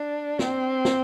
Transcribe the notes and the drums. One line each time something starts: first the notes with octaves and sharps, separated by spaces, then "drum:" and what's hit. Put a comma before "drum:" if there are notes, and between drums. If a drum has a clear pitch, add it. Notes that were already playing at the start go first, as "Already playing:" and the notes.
Already playing: D4
C4, drum: snare
drum: snare